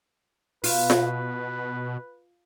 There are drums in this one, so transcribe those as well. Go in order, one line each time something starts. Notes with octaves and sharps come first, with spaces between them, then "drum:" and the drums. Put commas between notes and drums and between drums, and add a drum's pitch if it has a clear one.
B2 F4 B4, drum: open hi-hat
drum: snare F4